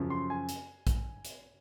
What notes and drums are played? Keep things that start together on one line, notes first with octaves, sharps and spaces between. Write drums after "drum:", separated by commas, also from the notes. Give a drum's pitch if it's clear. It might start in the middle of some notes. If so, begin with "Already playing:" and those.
Already playing: F#2 C#3 F3
C6
G#5
drum: hi-hat
drum: kick, hi-hat
drum: hi-hat